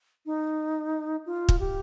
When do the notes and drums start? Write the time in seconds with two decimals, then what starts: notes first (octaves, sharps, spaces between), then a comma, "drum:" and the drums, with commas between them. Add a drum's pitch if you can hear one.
0.26 D#4
1.26 F4
1.49 drum: kick
1.60 G4